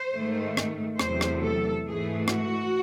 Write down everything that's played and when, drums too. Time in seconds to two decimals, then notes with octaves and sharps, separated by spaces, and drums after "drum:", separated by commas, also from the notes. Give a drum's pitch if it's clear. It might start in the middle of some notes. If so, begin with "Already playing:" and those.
Already playing: C5
0.15 G#2 D#3 A3
0.57 drum: rim click
0.99 E2 C3 F#3 A3 C5, drum: rim click
1.21 drum: rim click
1.42 A4
1.85 G#2 E3 A3 G#4
2.28 F#4, drum: rim click